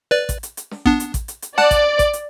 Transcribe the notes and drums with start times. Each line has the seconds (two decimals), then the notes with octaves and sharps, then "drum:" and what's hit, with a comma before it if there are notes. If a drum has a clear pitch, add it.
0.11 B4 D5
0.29 drum: kick A1, hi-hat
0.43 drum: hi-hat
0.57 drum: hi-hat
0.71 drum: snare
0.86 B3 D4, drum: kick A1
1.00 drum: hi-hat
1.14 drum: kick A1, hi-hat
1.28 drum: hi-hat
1.42 drum: hi-hat
1.58 D5 F#5 A5 F#6, drum: snare
1.71 drum: kick A1, hi-hat
1.99 drum: kick A1, hi-hat
2.13 drum: hi-hat